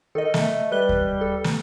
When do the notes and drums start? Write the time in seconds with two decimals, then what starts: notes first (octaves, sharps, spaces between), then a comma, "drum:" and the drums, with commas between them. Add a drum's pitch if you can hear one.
0.15 D#3 A4 D#5
0.34 A3, drum: snare
0.71 G3 B4 F#6 G7
0.89 drum: kick D#2
1.21 A4
1.44 drum: snare